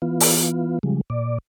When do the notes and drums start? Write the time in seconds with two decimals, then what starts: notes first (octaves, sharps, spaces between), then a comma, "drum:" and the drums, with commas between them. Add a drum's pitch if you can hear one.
0.02 E3 B3 F4
0.20 drum: open hi-hat
0.83 C#3 F3 G3 G#3
1.10 A#2 D5